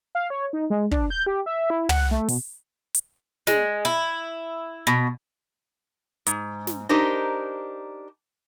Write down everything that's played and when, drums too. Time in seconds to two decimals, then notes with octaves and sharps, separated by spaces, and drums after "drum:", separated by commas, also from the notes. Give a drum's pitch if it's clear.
0.15 F5
0.30 C#5
0.53 D#4
0.70 G#3
0.91 D4, drum: kick
1.10 G6
1.26 G4
1.46 E5
1.70 E4
1.89 F#5, drum: tom
2.11 A3
2.29 B2, drum: open hi-hat
2.94 drum: hi-hat
3.47 G#3, drum: snare
3.85 E4
4.87 B2
6.27 G#2, drum: hi-hat
6.67 drum: snare
6.89 D4 D#4 G4 A#4 C5 D#5